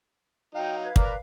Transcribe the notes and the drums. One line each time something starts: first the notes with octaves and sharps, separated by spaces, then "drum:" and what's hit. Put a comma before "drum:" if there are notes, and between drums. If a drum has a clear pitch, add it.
F#3 D#4 F5 G5
B4 G#6
A#4 B4 D5 A#5, drum: kick